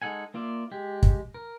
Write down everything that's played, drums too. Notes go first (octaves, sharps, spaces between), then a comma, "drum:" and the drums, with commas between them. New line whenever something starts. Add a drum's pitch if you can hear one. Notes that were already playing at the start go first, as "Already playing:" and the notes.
G#3 D#4 A4 F#5 G#5
A#3 F4 D5 E5
G#3 G4
drum: kick
A#4